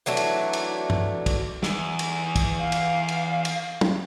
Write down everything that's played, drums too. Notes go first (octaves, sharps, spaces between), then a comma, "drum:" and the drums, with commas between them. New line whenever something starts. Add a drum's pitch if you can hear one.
E3 F#3 A3 D4
drum: cymbal
drum: cymbal
drum: tom
drum: kick, cymbal
E2, drum: snare
drum: cymbal
drum: kick, cymbal
F5
drum: cymbal
drum: cymbal
drum: cymbal
drum: tom